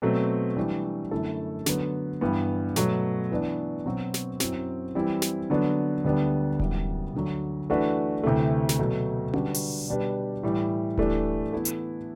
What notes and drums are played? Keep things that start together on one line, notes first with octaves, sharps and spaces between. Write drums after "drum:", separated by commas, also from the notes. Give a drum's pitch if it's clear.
B2 F#3 A3 C4
E3 G3 D4
F#2 D3 A3 E4 A4
D3 F#3 B3, drum: snare
G2 E3 B3
B2 F#3 A3, drum: snare
E3 B3 D4
B2 F#3 C4 F#4
drum: snare
F#2 F#3 C4 E4, drum: snare
E3 G3 C4 E4
drum: snare
D3 F#3 B3 D4
D2 D3 G3 B3 D4
F#2 E3 G3 B3, drum: kick D#1
D2 D3 F#3
E3 A3 D4 F#4 B4
D2 C3 E3 A3
drum: snare
B2 F#3 A3
D3 G3 D4 F#4 B4, drum: tom C#4
drum: open hi-hat
B2 G3 D4 G4 B4
A2 E3 G3
E3 A3 D4 G4, drum: kick D#1
E3 B3 E4 A4
drum: hi-hat